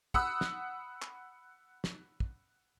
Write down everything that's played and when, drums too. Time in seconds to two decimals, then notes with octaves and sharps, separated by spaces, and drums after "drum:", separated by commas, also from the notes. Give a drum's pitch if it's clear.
0.14 F#5 B5 D#6 E6 F#6, drum: kick
0.41 drum: snare
1.02 drum: clap
1.84 drum: snare
2.20 drum: kick